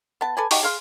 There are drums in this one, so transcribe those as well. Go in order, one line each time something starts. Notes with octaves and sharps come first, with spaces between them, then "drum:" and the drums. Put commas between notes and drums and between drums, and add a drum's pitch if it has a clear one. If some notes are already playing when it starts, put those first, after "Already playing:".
B3 A5
A4 B4 D5 G#5
D#4 F#4 G4 C#6, drum: open hi-hat
G#4 F5 C6